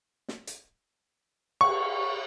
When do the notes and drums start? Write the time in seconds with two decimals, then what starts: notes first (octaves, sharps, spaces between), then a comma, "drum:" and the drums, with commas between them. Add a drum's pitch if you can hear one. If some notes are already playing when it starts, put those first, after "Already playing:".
0.28 drum: snare
0.47 drum: hi-hat
1.61 C#6, drum: cymbal